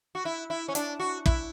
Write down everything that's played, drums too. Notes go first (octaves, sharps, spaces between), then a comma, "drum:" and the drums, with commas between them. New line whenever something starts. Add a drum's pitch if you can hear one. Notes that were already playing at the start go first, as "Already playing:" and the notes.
F#4
E4
E4
C#4
D4, drum: hi-hat
F#4
E4, drum: kick